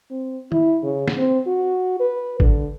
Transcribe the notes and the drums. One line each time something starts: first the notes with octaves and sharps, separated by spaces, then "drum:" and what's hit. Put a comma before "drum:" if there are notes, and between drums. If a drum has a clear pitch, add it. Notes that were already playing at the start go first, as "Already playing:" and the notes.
C4
E4, drum: tom
C#3
drum: snare
C4
F#4
B4
D3, drum: kick G#1